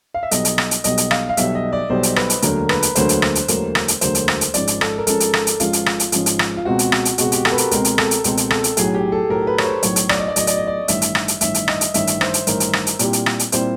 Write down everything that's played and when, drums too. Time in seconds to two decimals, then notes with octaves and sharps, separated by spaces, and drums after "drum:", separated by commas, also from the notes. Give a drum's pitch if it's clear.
0.14 F5
0.23 E5
0.31 B1 B2 G3 D#5, drum: hi-hat
0.45 drum: hi-hat
0.58 drum: rim click
0.71 drum: hi-hat
0.84 B1 B2 G3 D#5, drum: hi-hat
0.98 drum: hi-hat
1.11 F5, drum: rim click
1.29 F5
1.37 B1 B2 G3 E5, drum: hi-hat
1.55 D#5
1.73 D5
1.90 B1 B2 G3 C5
2.03 drum: hi-hat
2.16 B4, drum: rim click
2.30 drum: hi-hat
2.42 E1 D2 D3 F#3 A#3 A#4, drum: hi-hat
2.69 B4, drum: rim click
2.82 drum: hi-hat
2.95 E1 D2 D3 F#3 A#3 C5, drum: hi-hat
3.09 drum: hi-hat
3.22 drum: rim click
3.35 drum: hi-hat
3.48 E1 D2 D3 F#3 A#3, drum: hi-hat
3.75 drum: rim click
3.88 drum: hi-hat
4.01 E1 D2 D3 F#3 A#3 C5, drum: hi-hat
4.15 drum: hi-hat
4.28 drum: rim click
4.41 drum: hi-hat
4.54 G#1 G#2 F3 G#3 C#4 D5, drum: hi-hat
4.67 drum: hi-hat
4.81 A4, drum: rim click
4.98 A#4
5.07 G#1 G#2 F3 G#3 C#4 A4, drum: hi-hat
5.20 drum: hi-hat
5.34 drum: rim click
5.47 drum: hi-hat
5.60 G#1 G#2 F3 G#3 C#4 F4, drum: hi-hat
5.73 drum: hi-hat
5.86 drum: rim click
6.00 drum: hi-hat
6.12 G#1 G#2 F3 G#3 C#4, drum: hi-hat
6.26 drum: hi-hat
6.39 drum: rim click
6.57 F4
6.65 C#2 B2 G#3 C4 F#4
6.79 drum: hi-hat
6.92 drum: rim click
7.05 drum: hi-hat
7.18 C#2 B2 G#3 C4 F#4, drum: hi-hat
7.32 G4, drum: hi-hat
7.45 A4, drum: rim click
7.52 B4
7.58 A#4, drum: hi-hat
7.71 C#2 B2 G#3 C4 A#4, drum: hi-hat
7.85 drum: hi-hat
7.98 A4, drum: rim click
8.11 drum: hi-hat
8.24 C#2 B2 G#3 C4 A4, drum: hi-hat
8.37 drum: hi-hat
8.50 A4, drum: rim click
8.64 drum: hi-hat
8.77 B1 A2 F#3 G#4, drum: hi-hat
8.95 G4
9.12 A4
9.29 B1 A2 F#3 A#4
9.47 B4
9.58 C#5, drum: rim click
9.65 C5
9.83 B1 A2 F#3 C#5, drum: hi-hat
9.96 drum: hi-hat
10.09 D5, drum: rim click
10.19 D#5
10.28 D5
10.36 B1 A2 F#3 D#5, drum: hi-hat
10.47 D5, drum: hi-hat
10.57 D#5
10.67 D5
10.88 A1 G2 D#3 E5, drum: hi-hat
11.02 drum: hi-hat
11.15 drum: rim click
11.28 drum: hi-hat
11.41 A1 G2 D#3 E5, drum: hi-hat
11.54 drum: hi-hat
11.68 D#5, drum: rim click
11.81 drum: hi-hat
11.94 A1 G2 D#3 E5, drum: hi-hat
12.07 drum: hi-hat
12.21 C5, drum: rim click
12.34 drum: hi-hat
12.47 A1 G2 D#3 A#4, drum: hi-hat
12.60 drum: hi-hat
12.73 drum: rim click
12.87 drum: hi-hat
12.99 A#2 G3 C4 E4 G4, drum: hi-hat
13.13 drum: hi-hat
13.26 drum: rim click
13.39 drum: hi-hat
13.52 A#2 G3 C4 E4 G4 C5, drum: hi-hat